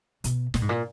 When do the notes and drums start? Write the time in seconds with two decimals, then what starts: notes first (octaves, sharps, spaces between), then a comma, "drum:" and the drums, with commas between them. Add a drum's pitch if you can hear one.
0.24 B2, drum: hi-hat
0.54 A#2, drum: snare
0.62 G#2
0.69 A#2